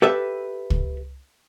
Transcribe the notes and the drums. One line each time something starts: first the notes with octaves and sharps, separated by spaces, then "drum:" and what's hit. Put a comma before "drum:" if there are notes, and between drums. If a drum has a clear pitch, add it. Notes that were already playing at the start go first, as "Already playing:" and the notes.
G4 A4 B4 E5
drum: kick